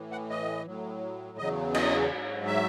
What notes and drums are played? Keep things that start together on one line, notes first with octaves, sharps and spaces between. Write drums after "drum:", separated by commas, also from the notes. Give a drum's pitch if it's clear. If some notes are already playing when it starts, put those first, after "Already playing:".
Already playing: A2 E3
F#5
D#5
A2 F#3
E2 C#3 F#3 D#5
D#5, drum: cymbal
G#2 F#3
E5